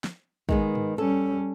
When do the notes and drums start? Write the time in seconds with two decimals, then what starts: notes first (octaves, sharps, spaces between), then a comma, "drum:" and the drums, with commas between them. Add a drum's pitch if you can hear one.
0.04 drum: snare
0.49 D#3 G#3 B3, drum: kick
0.75 drum: tom G2
0.98 G3 C#4 A4